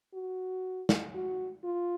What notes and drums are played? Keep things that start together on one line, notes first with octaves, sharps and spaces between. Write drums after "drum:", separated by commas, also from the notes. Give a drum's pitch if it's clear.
F#4
drum: snare
F#4
F4